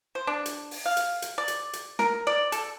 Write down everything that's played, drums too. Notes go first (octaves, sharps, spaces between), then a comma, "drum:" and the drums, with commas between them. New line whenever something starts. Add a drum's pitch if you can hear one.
C5
D4
drum: hi-hat
drum: open hi-hat
F5
drum: hi-hat
drum: hi-hat
D5
drum: hi-hat
drum: hi-hat
A#4, drum: snare
D5
A4, drum: hi-hat